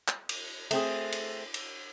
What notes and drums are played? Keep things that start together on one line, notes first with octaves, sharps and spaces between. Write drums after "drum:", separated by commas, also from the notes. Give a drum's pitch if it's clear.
drum: clap
drum: cymbal
A3 C4 G#4, drum: cymbal
drum: cymbal
drum: cymbal